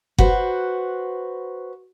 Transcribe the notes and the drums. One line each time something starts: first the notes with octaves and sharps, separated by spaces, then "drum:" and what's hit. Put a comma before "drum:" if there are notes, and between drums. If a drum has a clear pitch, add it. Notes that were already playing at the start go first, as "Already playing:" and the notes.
F#4 B4 C5, drum: kick F#1